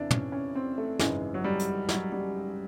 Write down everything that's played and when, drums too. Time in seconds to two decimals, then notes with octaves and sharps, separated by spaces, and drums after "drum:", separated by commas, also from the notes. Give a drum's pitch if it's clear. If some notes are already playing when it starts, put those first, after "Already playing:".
Already playing: E2 C3 E3 D4 E4
0.11 C#4, drum: tom
0.32 C#4
0.55 C4
0.78 A3
0.99 G#1 F#2 C#3 E3 G#3, drum: snare
1.34 F#3
1.44 G3
1.59 drum: hi-hat
1.89 F#3, drum: snare
2.12 G3